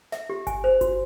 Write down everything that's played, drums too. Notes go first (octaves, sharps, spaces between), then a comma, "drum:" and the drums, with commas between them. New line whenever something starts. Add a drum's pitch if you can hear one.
E5, drum: snare
G4
G#5, drum: kick G1, hi-hat
C5
F#4, drum: kick G1, hi-hat